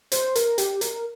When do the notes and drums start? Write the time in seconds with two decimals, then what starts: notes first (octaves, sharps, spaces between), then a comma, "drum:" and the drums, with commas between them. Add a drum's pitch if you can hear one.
0.12 C5, drum: hi-hat
0.35 A#4, drum: hi-hat
0.58 G4, drum: hi-hat
0.81 A#4, drum: hi-hat